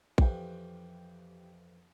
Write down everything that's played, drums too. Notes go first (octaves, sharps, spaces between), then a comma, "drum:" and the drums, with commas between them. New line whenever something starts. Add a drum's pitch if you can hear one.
F2 E3 G4 G5, drum: kick A#1